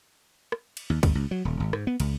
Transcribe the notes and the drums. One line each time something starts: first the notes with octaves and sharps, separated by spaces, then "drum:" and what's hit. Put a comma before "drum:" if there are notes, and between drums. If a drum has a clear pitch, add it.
drum: rim click
drum: cymbal
D#2
G1, drum: kick C#2, cymbal
C#2
F#3
D#1
G#1
G#2, drum: rim click
B3
C#2, drum: cymbal